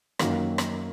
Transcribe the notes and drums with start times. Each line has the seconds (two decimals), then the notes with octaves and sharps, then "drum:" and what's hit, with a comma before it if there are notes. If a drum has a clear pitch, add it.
0.19 F#2 D#3 F#3 A#3, drum: rim click
0.58 drum: rim click